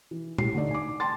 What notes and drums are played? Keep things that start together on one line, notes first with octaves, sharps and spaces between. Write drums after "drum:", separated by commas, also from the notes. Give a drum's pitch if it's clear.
E3
A2 G4 C7, drum: tom
D3 A3 D#4 D5
G#5 D6
G5 A5 C6 A6